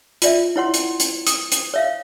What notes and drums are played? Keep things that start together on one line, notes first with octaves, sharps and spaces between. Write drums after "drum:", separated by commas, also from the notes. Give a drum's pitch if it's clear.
F4 D5 E5, drum: hi-hat
E4 C#5 F#5 C6
drum: hi-hat
drum: hi-hat
D#6, drum: hi-hat
drum: hi-hat
C#5 E5 F5